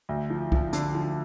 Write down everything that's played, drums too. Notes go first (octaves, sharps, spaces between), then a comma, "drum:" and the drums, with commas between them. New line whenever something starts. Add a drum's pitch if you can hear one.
D2
F3
F3, drum: kick C2
D3, drum: hi-hat
F3